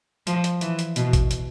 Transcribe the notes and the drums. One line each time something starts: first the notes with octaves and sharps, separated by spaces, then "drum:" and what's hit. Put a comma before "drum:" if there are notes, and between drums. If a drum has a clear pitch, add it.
F3, drum: hi-hat
drum: hi-hat
E3, drum: hi-hat
drum: hi-hat
B2, drum: hi-hat
drum: kick, hi-hat
drum: hi-hat